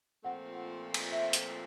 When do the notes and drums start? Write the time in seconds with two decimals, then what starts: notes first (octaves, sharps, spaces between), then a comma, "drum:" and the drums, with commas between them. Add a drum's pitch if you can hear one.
0.24 A#2 F3 A3 C4 F#5
0.94 drum: cymbal
1.12 E5
1.33 drum: hi-hat